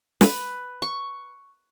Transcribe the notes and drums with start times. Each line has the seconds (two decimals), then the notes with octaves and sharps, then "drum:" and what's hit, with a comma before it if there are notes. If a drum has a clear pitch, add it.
0.21 B4, drum: snare
0.82 C#6